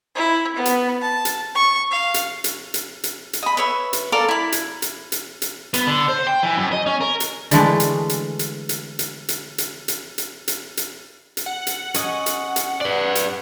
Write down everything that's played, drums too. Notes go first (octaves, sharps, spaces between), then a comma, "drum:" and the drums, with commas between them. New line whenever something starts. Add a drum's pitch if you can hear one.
E4
B3
drum: hi-hat
A5
drum: hi-hat
C#6
F5
drum: hi-hat
drum: hi-hat
drum: hi-hat
drum: hi-hat
drum: hi-hat
D#5 B5
B4 C#5 E5
drum: hi-hat
A4 A#4 D5 F5
E4 B5
drum: hi-hat
drum: hi-hat
drum: hi-hat
drum: hi-hat
B3, drum: hi-hat
D3
C5
G5
E3
F#2
D#5
C#4
A#4
drum: hi-hat
D3 E3 G#3 A3, drum: hi-hat
drum: hi-hat
drum: hi-hat
drum: hi-hat
drum: hi-hat
drum: hi-hat
drum: hi-hat
drum: hi-hat
drum: hi-hat
drum: hi-hat
drum: hi-hat
drum: hi-hat
drum: hi-hat
F#5
drum: hi-hat
C#4 D#5, drum: hi-hat
drum: hi-hat
drum: hi-hat
B4 D5
drum: hi-hat